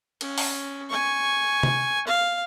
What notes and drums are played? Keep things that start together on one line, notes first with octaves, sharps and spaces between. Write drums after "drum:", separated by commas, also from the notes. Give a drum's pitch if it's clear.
C#4, drum: cymbal
drum: open hi-hat
G#5 C#6
drum: tom C3
F5